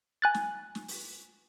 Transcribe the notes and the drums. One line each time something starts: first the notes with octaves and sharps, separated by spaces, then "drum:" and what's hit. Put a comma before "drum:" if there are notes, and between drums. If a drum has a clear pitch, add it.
G#5 F#6 A6
drum: snare
drum: snare
drum: open hi-hat